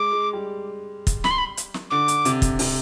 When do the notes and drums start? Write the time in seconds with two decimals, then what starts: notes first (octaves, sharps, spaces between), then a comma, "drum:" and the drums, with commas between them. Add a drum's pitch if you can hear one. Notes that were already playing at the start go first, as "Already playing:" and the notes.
Already playing: G#3 D6
0.11 G#3
0.33 G3
1.07 drum: kick, hi-hat
1.24 B5, drum: snare
1.31 C6
1.38 B5
1.57 drum: hi-hat
1.74 drum: snare
1.91 D3 D6
2.08 drum: hi-hat
2.25 C3, drum: hi-hat
2.42 drum: kick, hi-hat
2.59 C3, drum: open hi-hat